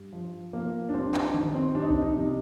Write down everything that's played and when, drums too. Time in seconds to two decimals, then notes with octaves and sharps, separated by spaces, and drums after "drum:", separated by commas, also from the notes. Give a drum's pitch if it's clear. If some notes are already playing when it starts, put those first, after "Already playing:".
Already playing: G2
0.12 F3
0.53 F3 A#3
0.89 D4
0.94 C2 C4
1.14 D4, drum: clap
1.34 D#3, drum: tom D3
1.54 C4
1.75 C2 D4
1.82 D#4
1.90 D4, drum: kick C2
2.02 D#4
2.16 C3